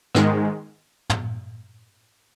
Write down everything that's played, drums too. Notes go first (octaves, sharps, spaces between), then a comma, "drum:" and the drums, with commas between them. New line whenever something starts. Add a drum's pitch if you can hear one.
G#2 D#3 G#3, drum: rim click
drum: tom